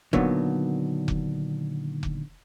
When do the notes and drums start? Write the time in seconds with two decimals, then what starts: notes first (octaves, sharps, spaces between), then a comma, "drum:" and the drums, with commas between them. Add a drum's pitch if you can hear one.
0.13 A#2 D3 D#3 F#3 B3, drum: kick F1
1.08 drum: kick F1
2.03 drum: kick F1